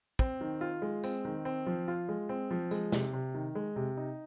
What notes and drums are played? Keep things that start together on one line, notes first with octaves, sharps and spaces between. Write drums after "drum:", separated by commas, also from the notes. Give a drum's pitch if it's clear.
C4, drum: kick
D#3
F4
G#3
C4, drum: tambourine
D#3
C4
F3
F4
G#3
C4
F3
G#3, drum: tambourine
C3, drum: snare
C3
D#3
G#3
C3
D#4